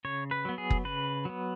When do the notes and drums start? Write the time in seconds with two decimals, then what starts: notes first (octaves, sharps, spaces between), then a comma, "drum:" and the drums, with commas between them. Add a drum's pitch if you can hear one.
0.05 C#3 C#5
0.31 B4
0.45 F#3 B3
0.58 G#4
0.70 drum: kick F#1
0.85 C#3 B4
1.25 F#3 B3